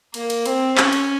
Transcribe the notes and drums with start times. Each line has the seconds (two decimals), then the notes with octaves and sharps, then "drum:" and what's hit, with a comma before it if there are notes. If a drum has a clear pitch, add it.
0.14 A#3, drum: cymbal
0.30 drum: cymbal
0.46 C4, drum: cymbal
0.78 C#4, drum: clap
0.93 drum: cymbal